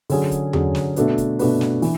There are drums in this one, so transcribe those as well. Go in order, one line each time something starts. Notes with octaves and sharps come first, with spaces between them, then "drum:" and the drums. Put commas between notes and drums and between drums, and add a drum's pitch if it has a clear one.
D3 F#3 C#4 G#4, drum: open hi-hat
drum: kick, hi-hat
D3 F#3 C#4 G#4, drum: tom E2
drum: snare
B2 A3 D4 F#4 B4, drum: hi-hat
drum: kick, hi-hat
B2 A3 D4 F#4 B4, drum: open hi-hat
drum: snare
E3, drum: open hi-hat